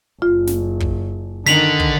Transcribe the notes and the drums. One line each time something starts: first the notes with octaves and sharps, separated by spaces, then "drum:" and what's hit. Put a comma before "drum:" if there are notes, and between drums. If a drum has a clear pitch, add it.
F#1 F4
drum: snare
drum: kick
D3 D#3 D#4 B6 F7 F#7, drum: snare
drum: kick